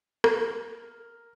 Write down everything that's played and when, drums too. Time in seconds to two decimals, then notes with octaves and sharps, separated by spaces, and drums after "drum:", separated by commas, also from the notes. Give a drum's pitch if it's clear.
0.24 A#4, drum: rim click